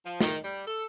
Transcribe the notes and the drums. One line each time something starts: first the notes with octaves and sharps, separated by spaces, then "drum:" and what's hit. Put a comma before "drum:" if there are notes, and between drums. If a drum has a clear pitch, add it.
F3
D#3, drum: snare
G3
A4